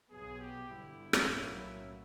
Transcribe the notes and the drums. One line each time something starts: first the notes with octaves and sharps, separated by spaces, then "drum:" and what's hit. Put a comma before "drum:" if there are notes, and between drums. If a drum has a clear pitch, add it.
B1 B2 F#3 B3 G#4
G4
G1 G2 D3 E4
drum: rim click
B1 A2 F#3 A#3 C#4